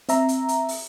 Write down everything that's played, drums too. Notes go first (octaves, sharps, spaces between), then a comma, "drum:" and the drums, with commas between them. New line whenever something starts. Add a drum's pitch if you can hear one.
C4 E5 A#5, drum: hi-hat
drum: hi-hat
drum: hi-hat
drum: open hi-hat